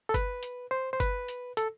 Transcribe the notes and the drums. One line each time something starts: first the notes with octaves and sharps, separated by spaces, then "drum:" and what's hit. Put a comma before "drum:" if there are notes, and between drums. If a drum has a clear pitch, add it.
A4
B4, drum: kick G1, hi-hat
drum: hi-hat
C5
C5
B4, drum: kick G1, hi-hat
drum: hi-hat
A4, drum: hi-hat